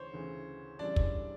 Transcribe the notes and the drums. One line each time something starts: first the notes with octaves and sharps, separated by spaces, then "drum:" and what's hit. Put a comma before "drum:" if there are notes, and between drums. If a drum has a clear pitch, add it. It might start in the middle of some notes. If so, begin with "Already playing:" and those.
Already playing: D2 C#3 E3 C5 C#5
D2 C#3 E3
F#2 C#3 E3 G3 C4 D4 D5
drum: kick